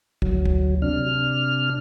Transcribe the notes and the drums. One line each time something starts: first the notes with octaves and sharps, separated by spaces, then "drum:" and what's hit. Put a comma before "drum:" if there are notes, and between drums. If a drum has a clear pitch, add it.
D2 F#3, drum: kick
drum: kick
C3 D4 F6